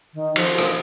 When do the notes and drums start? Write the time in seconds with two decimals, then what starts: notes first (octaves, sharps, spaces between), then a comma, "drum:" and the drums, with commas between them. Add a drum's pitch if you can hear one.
0.14 D#3
0.36 F3, drum: cymbal
0.58 drum: rim click